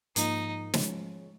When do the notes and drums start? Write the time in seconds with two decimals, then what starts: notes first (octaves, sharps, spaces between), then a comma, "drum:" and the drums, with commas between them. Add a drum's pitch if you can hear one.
0.16 G#2 F3 A#3 D#4, drum: hi-hat
0.74 F3 G#3 C#4, drum: snare